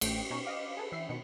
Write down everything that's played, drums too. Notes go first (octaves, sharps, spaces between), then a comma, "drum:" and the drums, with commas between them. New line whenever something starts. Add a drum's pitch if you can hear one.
A1 A2 A3 G5 D7, drum: cymbal
B2 C#4 D#4 C#6
D#5 F5 D6
G#4 A4 B4
E3 E5 C7
B2 D#3 C#7